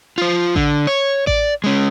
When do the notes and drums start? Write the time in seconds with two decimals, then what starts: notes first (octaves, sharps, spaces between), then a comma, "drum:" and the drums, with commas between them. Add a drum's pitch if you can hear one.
0.18 F4 C5
0.55 D3, drum: kick A1
0.87 C#5
1.27 D5, drum: kick A1
1.64 G#3 C#4